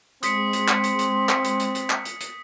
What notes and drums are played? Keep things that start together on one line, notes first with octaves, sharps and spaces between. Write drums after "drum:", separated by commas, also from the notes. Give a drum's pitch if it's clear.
G#3 C4 C6 D#6 B6 C#7, drum: hi-hat
drum: hi-hat
drum: clap
drum: hi-hat
drum: hi-hat
drum: clap
drum: hi-hat
drum: hi-hat
drum: hi-hat
drum: clap
drum: hi-hat
drum: hi-hat